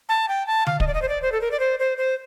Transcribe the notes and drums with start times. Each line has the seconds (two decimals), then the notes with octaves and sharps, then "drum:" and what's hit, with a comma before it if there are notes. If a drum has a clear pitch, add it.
0.09 A5
0.29 G5
0.47 A5
0.67 F5, drum: tom D3
0.80 D#5, drum: kick
0.87 D5
0.94 D#5
1.02 C5
1.09 D5
1.22 C5
1.32 A4
1.41 A#4
1.51 D5
1.60 C5
1.79 C5
1.98 C5